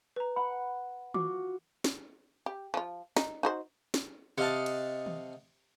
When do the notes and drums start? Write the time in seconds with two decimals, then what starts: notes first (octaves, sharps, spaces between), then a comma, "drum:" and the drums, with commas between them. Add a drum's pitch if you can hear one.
0.16 B4 A#5
0.36 F#5 B5
1.14 F4 F#4 D6, drum: tom D#3
1.84 drum: snare
2.46 G4
2.74 F3 F4
3.17 D#4, drum: snare
3.43 D#4 F#4 C5
3.94 drum: snare
4.38 C3 D#5 F5 F#5 A5
4.66 drum: cymbal
5.06 drum: tom D#3